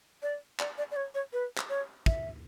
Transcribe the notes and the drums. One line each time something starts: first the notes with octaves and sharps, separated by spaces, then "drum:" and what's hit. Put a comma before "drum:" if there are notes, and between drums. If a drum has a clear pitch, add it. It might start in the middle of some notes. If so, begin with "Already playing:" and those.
D5
D5, drum: clap
D5
D5
C#5
C#5
B4
drum: clap
C#5
E5, drum: kick